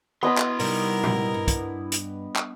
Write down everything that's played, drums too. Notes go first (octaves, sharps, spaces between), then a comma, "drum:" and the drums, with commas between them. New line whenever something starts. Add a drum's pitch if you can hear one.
B3 E4 D#5 B5 C6
drum: clap
C3 G3 D#4 A#4, drum: open hi-hat
drum: tom A#2
G2
drum: kick, hi-hat
drum: hi-hat
drum: clap